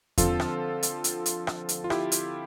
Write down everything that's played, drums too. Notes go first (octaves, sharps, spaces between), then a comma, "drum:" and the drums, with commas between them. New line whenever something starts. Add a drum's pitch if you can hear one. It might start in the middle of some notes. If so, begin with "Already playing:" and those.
D3 F3 C4 F4 A4, drum: kick E2, hi-hat
drum: rim click
drum: hi-hat
drum: hi-hat
drum: hi-hat
drum: rim click
drum: hi-hat
F4
E4 G4, drum: rim click
drum: hi-hat